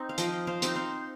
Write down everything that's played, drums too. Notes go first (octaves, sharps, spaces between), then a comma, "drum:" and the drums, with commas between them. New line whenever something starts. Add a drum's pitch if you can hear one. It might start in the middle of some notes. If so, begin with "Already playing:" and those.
Already playing: C4 D#4
F5
F3 D#5 G5, drum: hi-hat
C5 F5
C4 D#4, drum: hi-hat
C5 F5